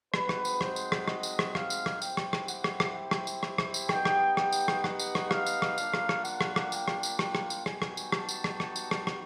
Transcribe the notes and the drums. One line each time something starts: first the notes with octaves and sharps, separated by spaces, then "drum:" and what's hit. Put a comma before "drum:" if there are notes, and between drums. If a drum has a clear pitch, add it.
G#3 C4 D#4 F#4 B4, drum: rim click
drum: rim click
drum: tambourine
C5, drum: rim click
drum: tambourine
drum: rim click
D#5, drum: rim click
drum: tambourine
drum: rim click
F5, drum: rim click
drum: tambourine
drum: rim click
C4 E4 G4 G5, drum: tambourine
drum: rim click
drum: rim click
F#5, drum: tambourine
drum: rim click
drum: rim click
G5
drum: rim click
drum: tambourine
drum: rim click
drum: rim click
drum: tambourine
B3 D#4 G4 G5, drum: rim click
drum: rim click
G5, drum: rim click
drum: tambourine
drum: rim click
F#5, drum: rim click
drum: tambourine
drum: rim click
F5, drum: rim click
drum: tambourine
drum: rim click
A#3 D4 F4, drum: tambourine
drum: rim click
drum: rim click
F#5, drum: tambourine
drum: rim click
drum: rim click
G5, drum: tambourine
drum: rim click
drum: tambourine
G5, drum: rim click
drum: rim click
drum: tambourine
G3 B3 D#4 F#4 G#5, drum: rim click
drum: rim click
drum: tambourine
A5, drum: rim click
drum: tambourine
drum: rim click
drum: rim click
drum: tambourine
drum: rim click
drum: rim click